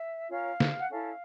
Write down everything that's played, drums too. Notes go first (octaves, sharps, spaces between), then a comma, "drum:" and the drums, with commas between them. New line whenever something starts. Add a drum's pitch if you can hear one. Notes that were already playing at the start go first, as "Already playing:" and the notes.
Already playing: E5
C#4 F4 A#4 C#5 F5
drum: snare
F#5
C#4 E4 A4 F5